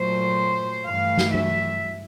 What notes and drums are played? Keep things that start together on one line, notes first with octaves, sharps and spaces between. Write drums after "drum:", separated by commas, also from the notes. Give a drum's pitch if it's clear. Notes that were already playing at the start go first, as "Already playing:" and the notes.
Already playing: A#2 F#3 A3 C5
G2 E3 A3 F5
drum: snare
E5, drum: tom